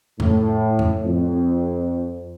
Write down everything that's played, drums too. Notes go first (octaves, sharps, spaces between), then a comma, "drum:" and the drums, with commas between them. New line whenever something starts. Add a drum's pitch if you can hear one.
A2, drum: tom F2
drum: tom F2
F2